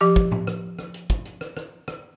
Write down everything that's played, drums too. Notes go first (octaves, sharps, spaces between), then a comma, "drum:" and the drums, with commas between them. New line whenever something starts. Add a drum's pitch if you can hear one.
F3 G4 D6
drum: kick, hi-hat
drum: tom A2
drum: rim click
drum: rim click
drum: hi-hat
drum: kick, hi-hat
drum: hi-hat
drum: rim click
drum: rim click
drum: rim click